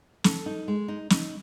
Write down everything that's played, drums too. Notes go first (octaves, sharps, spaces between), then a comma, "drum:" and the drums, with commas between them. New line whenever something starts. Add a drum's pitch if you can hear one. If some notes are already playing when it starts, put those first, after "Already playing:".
A4, drum: snare
D#4
G#3
D#4
D#4, drum: snare